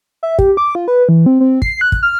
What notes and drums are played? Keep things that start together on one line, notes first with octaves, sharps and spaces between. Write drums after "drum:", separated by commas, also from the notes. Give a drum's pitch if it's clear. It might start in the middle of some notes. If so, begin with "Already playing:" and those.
E5
G4, drum: kick
D6
F4
B4
E3
C4
C4
C7, drum: kick
F#6
drum: kick
F6